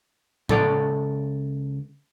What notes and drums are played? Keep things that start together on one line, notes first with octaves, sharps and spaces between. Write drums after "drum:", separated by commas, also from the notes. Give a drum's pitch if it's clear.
C#2 A4 D5, drum: tom A2